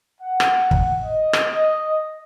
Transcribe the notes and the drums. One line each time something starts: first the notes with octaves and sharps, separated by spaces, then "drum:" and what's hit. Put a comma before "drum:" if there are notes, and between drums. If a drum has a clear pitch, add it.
F#5
drum: rim click
drum: kick
D#5
drum: rim click